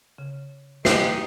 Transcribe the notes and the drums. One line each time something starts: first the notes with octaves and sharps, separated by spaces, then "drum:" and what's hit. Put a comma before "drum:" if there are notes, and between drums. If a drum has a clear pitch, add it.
C#3
D#4 G4 C7, drum: snare